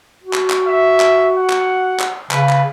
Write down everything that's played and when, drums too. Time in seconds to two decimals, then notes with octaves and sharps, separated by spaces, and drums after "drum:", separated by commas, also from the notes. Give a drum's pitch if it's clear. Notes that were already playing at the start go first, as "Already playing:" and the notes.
0.24 F#4
0.33 drum: clap
0.50 drum: clap
0.67 E5
1.00 drum: clap
1.37 F#5
1.50 drum: clap
2.00 drum: clap
2.31 C#3 B4, drum: clap
2.49 drum: clap